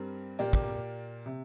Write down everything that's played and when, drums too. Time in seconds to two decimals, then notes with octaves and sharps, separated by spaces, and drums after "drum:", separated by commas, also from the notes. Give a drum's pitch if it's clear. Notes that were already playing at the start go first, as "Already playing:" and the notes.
Already playing: G2 G3 C4 A#4
0.39 A#2 A#3 G4 D5
0.53 drum: kick
1.26 C3